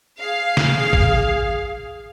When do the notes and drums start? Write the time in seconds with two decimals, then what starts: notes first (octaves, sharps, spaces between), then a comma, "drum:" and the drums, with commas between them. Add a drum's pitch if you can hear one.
0.20 G#4 F5
0.57 drum: snare
0.93 drum: kick